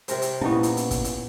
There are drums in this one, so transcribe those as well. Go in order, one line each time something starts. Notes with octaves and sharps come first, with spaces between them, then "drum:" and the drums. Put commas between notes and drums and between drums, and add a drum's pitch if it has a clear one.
C3 A#4 C5, drum: hi-hat
drum: hi-hat
A#2 B3 C#4 D#4 E4
drum: hi-hat
drum: hi-hat
drum: kick, hi-hat
drum: hi-hat